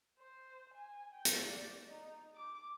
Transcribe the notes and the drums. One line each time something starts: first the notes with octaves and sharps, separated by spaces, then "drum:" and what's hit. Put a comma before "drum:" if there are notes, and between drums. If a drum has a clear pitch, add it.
C5
G#5
G5
drum: hi-hat
D5
D#4
D6